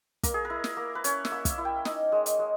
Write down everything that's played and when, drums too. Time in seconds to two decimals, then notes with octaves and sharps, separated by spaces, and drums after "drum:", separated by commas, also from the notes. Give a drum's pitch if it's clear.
0.23 A#3 A#4, drum: kick, hi-hat
0.34 G#4
0.45 A#4
0.50 E4
0.64 drum: snare
0.77 A#3
0.95 B4
1.04 C#4 C#5, drum: hi-hat
1.25 E5, drum: snare
1.32 A#3
1.45 E5, drum: kick, hi-hat
1.58 E4
1.65 G5
1.85 D#4, drum: snare
2.12 G#3
2.26 drum: hi-hat
2.39 G#3